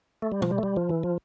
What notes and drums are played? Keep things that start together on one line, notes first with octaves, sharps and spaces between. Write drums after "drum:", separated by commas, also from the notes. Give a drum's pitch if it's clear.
A3
G3
F3, drum: tom B2
G3
A3
G3
F3
E3
F3